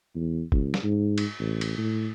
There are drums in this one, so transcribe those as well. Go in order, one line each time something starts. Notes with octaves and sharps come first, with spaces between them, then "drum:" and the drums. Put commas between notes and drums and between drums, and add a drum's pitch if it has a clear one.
E2
C#2, drum: kick F#1
drum: snare
G#2
drum: cymbal
A1
drum: cymbal
A2